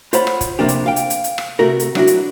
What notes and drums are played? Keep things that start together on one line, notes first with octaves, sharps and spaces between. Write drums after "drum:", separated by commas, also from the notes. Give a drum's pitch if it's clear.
F4 C5 C#5 F#5 B5, drum: hi-hat
drum: rim click
drum: kick, hi-hat
C3 E3 F3 A#3 D4 G4
drum: hi-hat
F5 G5
drum: hi-hat
drum: hi-hat
drum: hi-hat
drum: rim click
C3 A3 F#4 A#4
drum: hi-hat
F#3 D4 E4 F#4, drum: rim click
drum: hi-hat